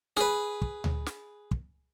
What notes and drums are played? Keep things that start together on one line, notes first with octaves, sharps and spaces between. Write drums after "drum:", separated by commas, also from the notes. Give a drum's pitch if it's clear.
G#4 B4, drum: snare
drum: kick
drum: tom D2
drum: snare
drum: kick